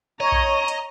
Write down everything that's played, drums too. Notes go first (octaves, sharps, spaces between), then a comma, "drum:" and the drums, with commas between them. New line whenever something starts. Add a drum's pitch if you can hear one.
C#5 D#5 A#5
drum: kick A#1
drum: hi-hat